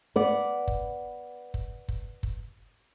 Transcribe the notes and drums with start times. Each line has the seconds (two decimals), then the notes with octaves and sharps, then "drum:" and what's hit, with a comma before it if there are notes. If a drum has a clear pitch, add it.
0.16 B3 D5
0.68 drum: kick
1.54 drum: kick
1.88 drum: kick
2.23 drum: kick